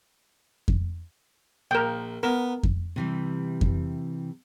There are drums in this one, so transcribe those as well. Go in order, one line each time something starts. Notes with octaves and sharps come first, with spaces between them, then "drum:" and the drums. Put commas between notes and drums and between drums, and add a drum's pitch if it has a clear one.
drum: kick F2
A#1 A#4 G5
B3 A#4
drum: kick F2
C3 E3 G3
drum: kick F2